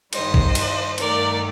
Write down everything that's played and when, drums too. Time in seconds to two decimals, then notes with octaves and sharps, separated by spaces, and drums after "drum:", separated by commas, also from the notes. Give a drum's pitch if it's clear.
0.13 G2 D#3 G3 C5 D#5, drum: cymbal
0.34 drum: kick
0.55 drum: cymbal
0.98 G2 D#3 A3 A#4 D5, drum: cymbal